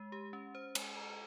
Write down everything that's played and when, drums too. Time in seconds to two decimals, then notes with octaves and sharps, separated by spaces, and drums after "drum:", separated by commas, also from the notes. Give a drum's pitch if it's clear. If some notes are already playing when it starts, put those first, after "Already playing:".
Already playing: G#3
0.12 G4
0.33 C#4
0.55 C5
0.75 G#3 G#5, drum: cymbal
0.97 A#5
1.10 A#5